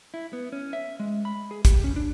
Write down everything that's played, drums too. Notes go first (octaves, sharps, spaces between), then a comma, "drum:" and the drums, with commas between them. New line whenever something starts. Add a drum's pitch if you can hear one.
E4
B3
C#4
E5
G#3
B5
G#4
G4, drum: kick A1, hi-hat
C#4
D4